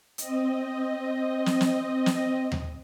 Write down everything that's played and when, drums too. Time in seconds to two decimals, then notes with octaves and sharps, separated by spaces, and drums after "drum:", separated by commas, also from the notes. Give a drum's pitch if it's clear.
0.18 C4 D#5, drum: hi-hat
1.46 drum: snare
1.61 drum: snare
2.06 drum: snare
2.52 drum: tom D#2